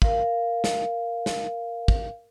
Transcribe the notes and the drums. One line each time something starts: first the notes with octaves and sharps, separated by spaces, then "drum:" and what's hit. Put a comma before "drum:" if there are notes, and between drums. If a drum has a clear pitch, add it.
A#4 F5, drum: kick
drum: snare
drum: snare
drum: kick